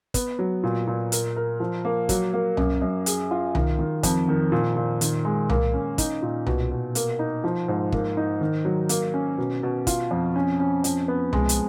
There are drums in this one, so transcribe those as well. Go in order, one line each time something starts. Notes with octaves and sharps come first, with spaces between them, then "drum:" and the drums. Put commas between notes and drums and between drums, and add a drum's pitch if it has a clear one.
B3, drum: kick, hi-hat
F#3
A#2
A#2
A#4, drum: hi-hat
A#4
F3
A#3
F#3, drum: kick, hi-hat
A#3
F#2, drum: tom C2
F#2
G#4, drum: hi-hat
F4
D#3, drum: tom C2
D#3
F2, drum: kick, hi-hat
D#3
A#2
A#2
D#3, drum: hi-hat
G#3
A#3, drum: tom C2
C#4
D#4, drum: kick, hi-hat
A#2
B2, drum: tom C2
B2
A#3, drum: hi-hat
D#4
F3
G#2
A#3, drum: kick
D#4
D#3
F#3
A#3, drum: hi-hat
C#4
B2
B2
F4, drum: kick, hi-hat
F2
C#4
C#4
F2, drum: hi-hat
B3
G#3, drum: tom C2
drum: hi-hat